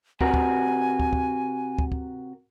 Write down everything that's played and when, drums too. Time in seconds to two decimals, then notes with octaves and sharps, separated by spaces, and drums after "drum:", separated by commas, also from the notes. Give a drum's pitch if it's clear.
0.21 C3 F#4 A#4 G#5, drum: kick
0.34 drum: kick
1.00 drum: kick
1.13 drum: kick
1.79 drum: kick
1.92 drum: kick